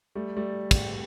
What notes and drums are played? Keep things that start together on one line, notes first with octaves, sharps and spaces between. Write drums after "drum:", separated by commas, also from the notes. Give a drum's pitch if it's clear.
G3 A3
G3 A3
drum: kick, cymbal